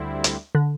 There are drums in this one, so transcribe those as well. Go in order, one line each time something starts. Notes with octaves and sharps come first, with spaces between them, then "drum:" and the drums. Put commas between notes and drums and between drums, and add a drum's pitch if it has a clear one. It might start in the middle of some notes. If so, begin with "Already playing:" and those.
Already playing: D2 D3 G3 C4 E4
drum: hi-hat
D3